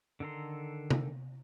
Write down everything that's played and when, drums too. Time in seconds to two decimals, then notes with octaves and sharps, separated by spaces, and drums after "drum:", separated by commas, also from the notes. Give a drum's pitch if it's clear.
0.20 D3 D#3 A4 A#5 C6
0.90 drum: tom